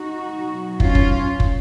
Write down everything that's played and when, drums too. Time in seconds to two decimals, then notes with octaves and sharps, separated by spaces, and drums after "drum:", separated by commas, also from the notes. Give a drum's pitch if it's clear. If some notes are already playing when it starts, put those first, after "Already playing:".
Already playing: D#4 F#4
0.36 B2 F#3
0.80 C#4 F4, drum: kick
0.95 drum: kick
1.40 drum: kick